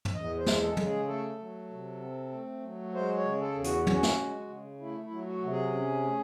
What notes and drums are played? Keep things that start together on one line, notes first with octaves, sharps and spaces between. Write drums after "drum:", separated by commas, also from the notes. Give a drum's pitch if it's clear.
drum: tom
E2 D#5
C5
G#3, drum: snare
A4
C#3, drum: tom
G#4
A3 A4
F#3
C3
C4
A3
F#3
G#3 C5
C#5
C#3
A4
E2
F#4, drum: hi-hat
C#4 F#4, drum: tom
drum: snare
G#3
C#3
A3 E4
E4
F#3
F#4
C3
G#4
C#4
A3